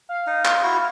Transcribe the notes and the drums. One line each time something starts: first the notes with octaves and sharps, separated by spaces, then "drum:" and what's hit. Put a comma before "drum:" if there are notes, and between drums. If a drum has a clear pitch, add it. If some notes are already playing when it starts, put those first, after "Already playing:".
F5
D#4
F4, drum: clap
E4 F#4